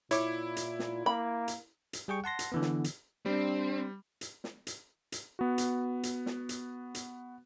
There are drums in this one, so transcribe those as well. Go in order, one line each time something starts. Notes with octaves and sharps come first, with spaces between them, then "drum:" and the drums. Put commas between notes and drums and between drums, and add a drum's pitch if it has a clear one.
A#2 E4 C#5 D6, drum: hi-hat
drum: hi-hat
drum: snare
A#3 B5
drum: hi-hat
drum: hi-hat
G3 G#4 G5 C#6
F#5 A5 C6 A#6
drum: hi-hat
D3 E3 B3
drum: snare
drum: hi-hat
G3 C4 D4
drum: hi-hat
drum: snare
drum: hi-hat
drum: hi-hat
B3 F#4
drum: hi-hat
drum: hi-hat
drum: snare
drum: hi-hat
drum: hi-hat